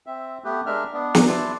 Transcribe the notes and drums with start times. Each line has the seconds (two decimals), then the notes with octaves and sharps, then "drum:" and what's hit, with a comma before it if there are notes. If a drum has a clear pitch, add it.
0.06 C4 E5
0.44 A3 B3 G4 B4
0.66 G#3 D4 A#4 E5 F6
0.93 B3 D4
1.15 drum: snare
1.28 E4 B4 D5 A5 C6